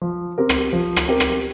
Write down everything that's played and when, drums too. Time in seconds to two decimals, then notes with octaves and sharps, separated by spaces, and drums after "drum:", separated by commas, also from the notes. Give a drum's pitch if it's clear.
0.02 F3
0.38 C4 G4 A#4
0.49 drum: rim click
0.73 F3
0.96 drum: rim click
1.08 C4 G4 A#4
1.20 drum: rim click